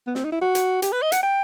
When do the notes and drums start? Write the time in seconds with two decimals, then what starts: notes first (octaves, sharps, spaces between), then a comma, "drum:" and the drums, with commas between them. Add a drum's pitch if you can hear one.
0.07 B3
0.15 C4, drum: snare
0.24 D#4
0.32 E4
0.41 F#4
0.55 drum: hi-hat
0.82 G4, drum: hi-hat
0.92 B4
1.02 D#5
1.12 F#5, drum: hi-hat
1.23 G5